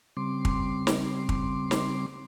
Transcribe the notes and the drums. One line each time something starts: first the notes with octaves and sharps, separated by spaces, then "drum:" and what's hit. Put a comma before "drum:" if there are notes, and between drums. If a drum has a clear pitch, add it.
C#3 G3 C4 C6 D6
drum: kick
drum: snare
drum: kick
drum: snare